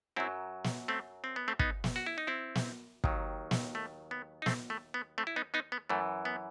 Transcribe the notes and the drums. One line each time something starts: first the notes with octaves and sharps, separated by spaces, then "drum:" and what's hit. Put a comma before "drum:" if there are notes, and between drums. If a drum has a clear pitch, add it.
F#2 F#3 C4 E4
drum: snare
A3 C4
C4
B3
A3 C4
B3 D#4, drum: kick
drum: snare
F#4
E4
D#4
C4 E4
drum: snare
D#2 D#3 F#3, drum: kick
drum: snare
A3
B3
D#4
A3 C4, drum: snare
A3
B3
A3 C4
E4
B3 D#4
B3 D#4
B3
F#2 E3 A3
B3